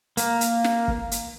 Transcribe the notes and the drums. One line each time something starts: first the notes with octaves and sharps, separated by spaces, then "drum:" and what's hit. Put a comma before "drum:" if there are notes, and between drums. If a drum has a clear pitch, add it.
A#3, drum: hi-hat
drum: hi-hat
drum: snare
drum: kick
drum: hi-hat